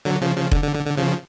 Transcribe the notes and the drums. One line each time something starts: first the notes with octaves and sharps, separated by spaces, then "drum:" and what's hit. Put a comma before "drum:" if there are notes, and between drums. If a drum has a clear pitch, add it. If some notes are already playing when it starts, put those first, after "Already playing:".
D3 F#3
C#3 F3
C#3 F3
D3, drum: kick F1
D3
D3
D3
C#3 F3